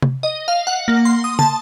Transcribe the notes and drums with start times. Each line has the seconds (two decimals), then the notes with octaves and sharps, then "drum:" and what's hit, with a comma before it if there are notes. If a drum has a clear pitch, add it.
0.02 drum: tom C3
0.23 D#5
0.48 F5
0.67 F#5
0.88 A#3
1.05 C6
1.24 D#6
1.39 A5, drum: tom